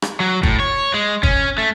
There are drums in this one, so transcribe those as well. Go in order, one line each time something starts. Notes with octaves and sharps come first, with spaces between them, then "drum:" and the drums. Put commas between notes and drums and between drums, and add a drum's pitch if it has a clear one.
drum: rim click
F#3
A2, drum: kick
C#5
G#3
C#4, drum: kick
A3